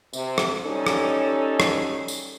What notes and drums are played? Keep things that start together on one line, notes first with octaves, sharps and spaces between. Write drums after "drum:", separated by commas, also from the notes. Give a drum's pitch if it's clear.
C3, drum: tambourine
drum: rim click
G3 C#4 D#4 A4
drum: rim click
drum: rim click
drum: tambourine